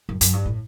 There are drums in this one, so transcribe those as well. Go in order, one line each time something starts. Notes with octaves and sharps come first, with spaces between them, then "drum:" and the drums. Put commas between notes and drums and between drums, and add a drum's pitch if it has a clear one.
F#2
F#2, drum: hi-hat
G2
A2